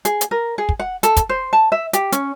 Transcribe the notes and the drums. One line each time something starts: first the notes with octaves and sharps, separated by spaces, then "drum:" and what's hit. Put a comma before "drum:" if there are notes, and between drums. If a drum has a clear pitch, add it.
G#4, drum: hi-hat
drum: hi-hat
A#4
G#4
drum: kick
F#5
A4, drum: hi-hat
drum: kick, hi-hat
C5
A5
E5
G4, drum: hi-hat
C#4, drum: hi-hat